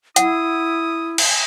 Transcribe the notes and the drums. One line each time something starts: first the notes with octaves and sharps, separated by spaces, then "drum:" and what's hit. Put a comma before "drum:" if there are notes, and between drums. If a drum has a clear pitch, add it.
E4 F#5 D#6, drum: hi-hat
drum: cymbal